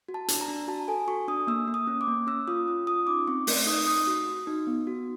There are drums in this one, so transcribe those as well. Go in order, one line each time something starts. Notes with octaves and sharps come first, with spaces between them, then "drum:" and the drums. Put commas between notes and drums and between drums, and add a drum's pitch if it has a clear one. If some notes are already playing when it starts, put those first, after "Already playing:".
F#4
A5
D4, drum: hi-hat
A#5
D4
F#4 A5
A4 G#5
F#4 C#6
D4 D#6
A#3 E6
A#3
D#6
C#4
D6
A#3
C#4 E6
F4 D#6
C#4
F4 D#6
D#4 D6
C4 C#6
A3, drum: open hi-hat
D#4 D#6
D#4 D#6
F#4
F#4
D#4
B3
F#4